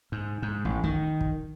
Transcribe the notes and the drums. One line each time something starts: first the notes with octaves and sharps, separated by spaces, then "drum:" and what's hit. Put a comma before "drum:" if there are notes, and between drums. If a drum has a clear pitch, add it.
G#2
G#2
A1
D#3, drum: kick
drum: kick